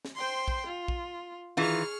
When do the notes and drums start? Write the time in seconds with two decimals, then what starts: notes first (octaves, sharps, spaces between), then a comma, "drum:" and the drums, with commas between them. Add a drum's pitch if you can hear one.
0.05 drum: snare
0.15 C5 G5 C6
0.48 drum: kick A#1
0.66 F4
0.88 drum: kick A#1
1.57 D#3 E3 F4 G#4 C#6 F6